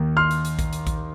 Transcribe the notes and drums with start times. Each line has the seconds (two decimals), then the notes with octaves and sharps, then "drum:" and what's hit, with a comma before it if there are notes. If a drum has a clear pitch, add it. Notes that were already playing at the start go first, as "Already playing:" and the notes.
Already playing: D#2 D#3 A#3 D#4
0.17 C6 F6
0.31 drum: hi-hat
0.45 drum: hi-hat
0.59 drum: kick A#1, hi-hat
0.73 drum: hi-hat
0.87 drum: kick A#1, hi-hat